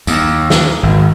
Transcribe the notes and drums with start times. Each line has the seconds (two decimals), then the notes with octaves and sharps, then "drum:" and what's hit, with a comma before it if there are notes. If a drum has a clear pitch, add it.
0.07 D#2, drum: tambourine
0.50 drum: snare
0.83 G#1